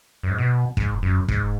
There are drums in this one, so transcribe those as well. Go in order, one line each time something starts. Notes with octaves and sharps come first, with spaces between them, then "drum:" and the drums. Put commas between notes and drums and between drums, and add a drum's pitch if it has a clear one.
F#2
G#2
B2
G#2, drum: kick
F#2
G#2, drum: kick